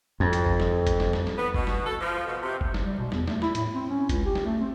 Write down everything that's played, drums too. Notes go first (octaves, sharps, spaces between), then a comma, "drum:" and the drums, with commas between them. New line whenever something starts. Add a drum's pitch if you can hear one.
F2
drum: hi-hat
drum: kick F#1
drum: snare
drum: kick F#1, hi-hat
drum: snare
drum: snare
drum: snare
B3
B2, drum: kick F#1
drum: snare
A4
F3
B2
C3
drum: kick F#1
drum: snare
G3
B2
E2, drum: snare
A3, drum: snare
E4, drum: snare
A2, drum: hi-hat
C4
C#4
C#2, drum: kick F#1, hi-hat
G4
drum: snare
A3
C4